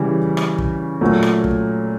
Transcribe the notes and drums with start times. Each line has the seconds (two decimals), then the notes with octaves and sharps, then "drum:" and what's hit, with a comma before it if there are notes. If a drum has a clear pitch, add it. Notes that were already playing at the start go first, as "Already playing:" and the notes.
Already playing: C#3 E3 G3
0.37 drum: rim click
0.58 drum: kick
1.01 A#2 F#3 A3
1.23 drum: rim click
1.44 drum: kick